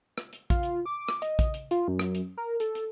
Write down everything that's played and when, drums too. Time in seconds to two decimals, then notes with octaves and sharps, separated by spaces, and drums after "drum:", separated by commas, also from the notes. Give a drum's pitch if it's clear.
0.18 drum: rim click
0.33 drum: hi-hat
0.50 F4, drum: kick A#1, hi-hat
0.63 drum: hi-hat
0.86 D6
1.09 drum: rim click
1.22 D#5, drum: hi-hat
1.39 drum: kick A#1, hi-hat
1.54 drum: hi-hat
1.71 F4, drum: hi-hat
1.88 F#2
1.99 drum: rim click
2.15 drum: hi-hat
2.37 A#4
2.60 A4, drum: hi-hat
2.75 drum: hi-hat